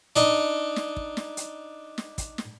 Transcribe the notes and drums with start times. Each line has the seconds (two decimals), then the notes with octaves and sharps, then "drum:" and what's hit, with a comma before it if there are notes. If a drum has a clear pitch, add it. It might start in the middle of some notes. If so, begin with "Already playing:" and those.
0.16 D4 D#4 D#5, drum: hi-hat
0.76 drum: snare
0.97 drum: kick
1.17 drum: snare
1.37 drum: hi-hat
1.98 drum: snare
2.18 drum: kick, hi-hat
2.38 drum: snare